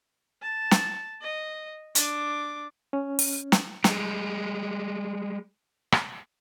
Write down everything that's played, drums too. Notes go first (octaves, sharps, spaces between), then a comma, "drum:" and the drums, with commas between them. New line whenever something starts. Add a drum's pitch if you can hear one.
A5
drum: snare
D#5
D4 D6, drum: hi-hat
C#4
drum: open hi-hat
drum: snare
G3 G#3, drum: snare
drum: rim click